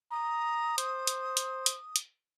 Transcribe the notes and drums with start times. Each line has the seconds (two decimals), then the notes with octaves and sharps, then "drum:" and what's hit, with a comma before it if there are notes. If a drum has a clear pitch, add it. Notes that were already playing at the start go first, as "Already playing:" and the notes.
0.12 A#5 D#6
0.78 C5, drum: hi-hat
1.07 drum: hi-hat
1.37 drum: hi-hat
1.66 drum: hi-hat
1.96 drum: hi-hat